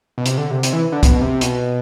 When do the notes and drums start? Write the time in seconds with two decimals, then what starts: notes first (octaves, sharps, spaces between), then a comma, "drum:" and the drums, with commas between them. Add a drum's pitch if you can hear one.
0.18 B2
0.26 C3, drum: hi-hat
0.38 D3
0.51 C3
0.63 C3, drum: hi-hat
0.73 E3
0.92 D3
1.03 B2, drum: kick, hi-hat
1.21 C3
1.41 B2, drum: hi-hat